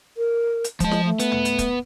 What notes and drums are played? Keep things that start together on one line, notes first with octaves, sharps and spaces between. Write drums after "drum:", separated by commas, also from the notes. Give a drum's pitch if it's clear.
A#4
drum: hi-hat
F3 G#3 A5, drum: kick, hi-hat
drum: snare
A3
B3, drum: hi-hat
drum: tom
drum: hi-hat
drum: kick, hi-hat